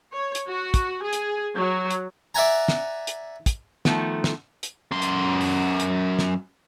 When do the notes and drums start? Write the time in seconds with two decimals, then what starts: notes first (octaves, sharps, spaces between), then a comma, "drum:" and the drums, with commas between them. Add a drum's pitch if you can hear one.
0.12 C#5
0.35 drum: hi-hat
0.47 F#4
0.74 drum: kick, hi-hat
1.03 G#4
1.13 drum: hi-hat
1.56 F#3
1.91 drum: hi-hat
2.35 D5 E5 F#5 G#5 A#5
2.68 drum: snare
3.07 drum: hi-hat
3.46 drum: kick, hi-hat
3.85 D#3 F3 A3 B3, drum: snare
4.24 drum: snare
4.63 drum: hi-hat
4.92 F#2 C6
5.02 drum: hi-hat
5.41 drum: open hi-hat
5.80 drum: hi-hat
6.19 drum: snare